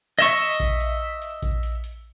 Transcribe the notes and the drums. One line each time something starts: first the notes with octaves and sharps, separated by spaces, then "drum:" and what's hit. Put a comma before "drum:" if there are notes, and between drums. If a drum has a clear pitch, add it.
D#5 E5 C#6, drum: hi-hat
drum: hi-hat
drum: kick A#1, hi-hat
drum: hi-hat
drum: hi-hat
drum: kick A#1, hi-hat
drum: hi-hat
drum: hi-hat